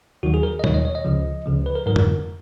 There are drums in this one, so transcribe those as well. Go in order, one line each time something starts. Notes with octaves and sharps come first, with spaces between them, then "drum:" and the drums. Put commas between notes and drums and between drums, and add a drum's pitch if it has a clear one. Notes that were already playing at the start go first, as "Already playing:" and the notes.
D#2 D#3 F#3 F#4
G#4
A#4
D#5
D#2 D#3 F#3 C#5, drum: tom B2
D#5
C#5
D#5
C#2 C#3 F3
C#2 C#3 F3
B4
A#4
G#2 F#3 A#4
drum: tom F2